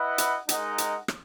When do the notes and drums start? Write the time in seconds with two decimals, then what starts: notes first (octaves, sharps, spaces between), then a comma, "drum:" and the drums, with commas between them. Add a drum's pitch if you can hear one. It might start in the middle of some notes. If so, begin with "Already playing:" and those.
Already playing: E4 B4 D#5 F#5
0.18 drum: hi-hat
0.49 G#3 D#4 A#4 D#5 F#5, drum: hi-hat
0.78 drum: hi-hat
1.08 drum: rim click